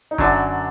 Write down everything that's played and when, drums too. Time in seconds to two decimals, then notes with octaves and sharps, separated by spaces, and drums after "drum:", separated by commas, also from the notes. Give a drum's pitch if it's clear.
0.11 D#4
0.18 F#2 D3 F#3 D4, drum: kick